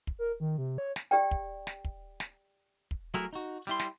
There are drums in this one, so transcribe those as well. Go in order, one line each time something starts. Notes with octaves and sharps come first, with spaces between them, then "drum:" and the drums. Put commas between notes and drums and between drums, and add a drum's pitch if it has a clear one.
drum: kick
A#4
D#3
C3
C#5
drum: snare
G4 D5 G5
drum: kick
drum: snare
drum: kick
drum: snare
drum: kick
F#3 A3 E4 F#4 G#4 A#4
D#4 F#4
G3 E4 C6
drum: snare